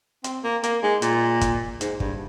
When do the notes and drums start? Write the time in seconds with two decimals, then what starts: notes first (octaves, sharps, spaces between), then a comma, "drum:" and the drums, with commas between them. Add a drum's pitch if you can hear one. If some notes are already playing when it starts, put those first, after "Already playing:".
0.24 C4, drum: hi-hat
0.44 A#3
0.63 A#3, drum: hi-hat
0.83 G#3
1.02 A#2, drum: hi-hat
1.41 drum: kick, hi-hat
1.81 G#2, drum: hi-hat
2.00 G2, drum: kick